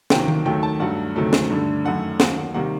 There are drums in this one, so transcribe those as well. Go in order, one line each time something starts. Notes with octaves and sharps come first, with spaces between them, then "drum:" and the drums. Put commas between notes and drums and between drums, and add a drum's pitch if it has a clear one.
C2 C3 D#3 F#3 A#3 G5, drum: snare
drum: tom D#3
D#2 D#3 F#3 A3 G5
A5
G2 F#3 A3 F#5
D2 C3 D#3 F#3 A3
drum: snare
G2 D3 A3
F#2 D#3 A3 F#5
D#2 D#3 F#3 A#3 F#5, drum: snare
F#5
C3 D#3 G3 A#3 F#5